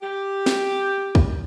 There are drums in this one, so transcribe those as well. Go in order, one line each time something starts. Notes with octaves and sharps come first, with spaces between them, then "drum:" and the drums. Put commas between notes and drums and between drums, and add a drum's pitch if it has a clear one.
G4
drum: snare
drum: kick